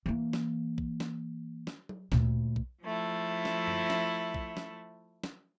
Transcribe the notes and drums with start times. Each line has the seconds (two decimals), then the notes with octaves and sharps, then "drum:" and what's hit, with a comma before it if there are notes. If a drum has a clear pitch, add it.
0.06 E3 A#3
0.33 drum: snare
0.78 drum: kick
1.00 drum: snare
1.67 drum: snare
1.89 drum: tom F#3
2.12 D2 A#2, drum: snare
2.56 drum: kick
2.84 F3 A3 E4
3.45 drum: snare
3.68 drum: tom F#2
3.90 drum: snare
4.34 drum: kick
4.57 drum: snare
5.24 drum: snare